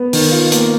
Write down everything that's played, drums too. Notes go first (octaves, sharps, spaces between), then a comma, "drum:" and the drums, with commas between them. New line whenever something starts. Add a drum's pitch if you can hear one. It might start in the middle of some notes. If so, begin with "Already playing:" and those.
Already playing: B3
D#3, drum: open hi-hat
F4
A#3, drum: hi-hat